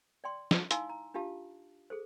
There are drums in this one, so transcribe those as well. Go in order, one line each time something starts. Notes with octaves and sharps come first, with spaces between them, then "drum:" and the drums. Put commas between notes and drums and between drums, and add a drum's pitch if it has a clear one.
D5 G5 C6
drum: snare
D#4 E4 F5 G#5 C6 E6, drum: hi-hat
A#5
D4 F4 G4 F5 A5
G#4 A4 C5